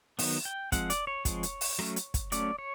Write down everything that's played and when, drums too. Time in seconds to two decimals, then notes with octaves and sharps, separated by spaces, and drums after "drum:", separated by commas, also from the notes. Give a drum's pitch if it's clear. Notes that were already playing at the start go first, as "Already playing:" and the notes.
0.19 D#3 F#3 B3, drum: open hi-hat
0.45 G5
0.72 F3 G#3 C4 F#5, drum: kick, hi-hat
0.90 D5, drum: hi-hat
1.07 C#5
1.25 F3 G#3 C4, drum: kick, hi-hat
1.43 drum: hi-hat
1.61 drum: open hi-hat
1.79 F#3 A3 C#4, drum: rim click
1.96 drum: hi-hat
2.14 drum: kick, hi-hat
2.32 F#3 A3 C#4 D5, drum: hi-hat
2.58 C#5